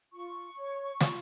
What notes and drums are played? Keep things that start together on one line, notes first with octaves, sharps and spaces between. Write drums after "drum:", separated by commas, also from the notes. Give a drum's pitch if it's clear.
F4 C#6
C#5
F4, drum: snare